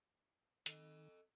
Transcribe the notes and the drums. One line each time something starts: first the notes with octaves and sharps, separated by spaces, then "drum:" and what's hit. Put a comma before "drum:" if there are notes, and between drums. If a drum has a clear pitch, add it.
D#3 A4 D#5, drum: hi-hat